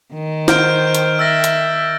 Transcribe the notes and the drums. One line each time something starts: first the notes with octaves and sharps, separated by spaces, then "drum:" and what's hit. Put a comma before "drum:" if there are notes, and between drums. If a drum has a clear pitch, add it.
D#3
C5 F6 G6 D7, drum: snare
drum: hi-hat
E5 E6 A6 A#6
drum: hi-hat